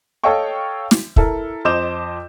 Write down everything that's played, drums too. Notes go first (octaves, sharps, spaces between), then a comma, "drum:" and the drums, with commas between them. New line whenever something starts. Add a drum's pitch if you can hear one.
A4 C#5 D#5 F5 G5 C#6
drum: snare
E4 A4 A#4, drum: kick
F2 C5 D#5 D6 G6 E7